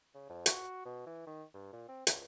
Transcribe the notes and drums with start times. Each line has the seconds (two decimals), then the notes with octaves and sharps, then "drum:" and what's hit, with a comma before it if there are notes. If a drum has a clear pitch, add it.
0.14 C#3
0.29 F2
0.46 F#4, drum: hi-hat
0.85 B2
1.06 E3
1.27 D#3
1.54 G2
1.73 A#2
1.88 C4
2.07 C#2, drum: hi-hat